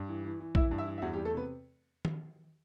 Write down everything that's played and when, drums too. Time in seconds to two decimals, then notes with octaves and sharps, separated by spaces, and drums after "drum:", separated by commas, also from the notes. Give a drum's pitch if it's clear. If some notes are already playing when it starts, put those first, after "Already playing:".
Already playing: G2
0.09 E3
0.24 E3
0.40 E3
0.55 E3 E4 E5, drum: kick A#1
0.71 G2
0.78 E4 E5
0.87 E3
0.98 E5
1.02 E2 F#4 F#5
1.13 G3 G4
1.18 E2
1.25 A3 A4
1.34 C3 B3 B4
2.05 drum: tom